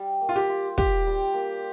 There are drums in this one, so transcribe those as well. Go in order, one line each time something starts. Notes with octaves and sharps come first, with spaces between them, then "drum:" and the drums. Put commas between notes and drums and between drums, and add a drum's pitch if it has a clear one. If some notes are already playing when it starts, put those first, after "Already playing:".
Already playing: G3
A#3
F4
G4
F4
G4 C5, drum: kick
G3
A#3